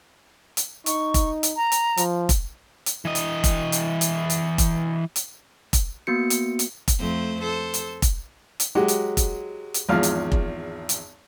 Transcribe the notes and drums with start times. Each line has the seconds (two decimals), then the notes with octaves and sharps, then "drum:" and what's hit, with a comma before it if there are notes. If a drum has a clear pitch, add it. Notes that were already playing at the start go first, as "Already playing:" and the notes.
0.57 drum: hi-hat
0.86 D#4 C#6, drum: hi-hat
1.14 drum: kick F1, hi-hat
1.43 drum: hi-hat
1.56 A#5
1.72 drum: hi-hat
1.97 F3, drum: hi-hat
2.29 drum: kick F1, hi-hat
2.86 drum: hi-hat
3.05 E3 D#5
3.15 drum: hi-hat
3.44 drum: kick F1, hi-hat
3.72 drum: hi-hat
4.01 drum: hi-hat
4.30 drum: hi-hat
4.58 drum: kick F1, hi-hat
5.16 drum: hi-hat
5.73 drum: kick F1, hi-hat
6.07 A#3 B3 F#4 C#7
6.30 drum: hi-hat
6.59 drum: hi-hat
6.88 drum: kick F1, hi-hat
6.99 F2 A3 C5
7.42 A4 C5
7.74 drum: hi-hat
8.02 drum: kick F1, hi-hat
8.60 drum: hi-hat
8.75 F#3 G#3 F#4 G4
8.88 drum: hi-hat
9.17 drum: kick F1, hi-hat
9.74 drum: hi-hat
9.89 G#1 E2 F3 F5 F6
10.03 drum: hi-hat
10.32 drum: kick F1
10.89 drum: hi-hat